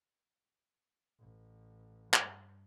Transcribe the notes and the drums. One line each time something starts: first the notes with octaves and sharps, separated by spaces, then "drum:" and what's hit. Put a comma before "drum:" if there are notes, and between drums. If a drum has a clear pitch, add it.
A1
G2, drum: clap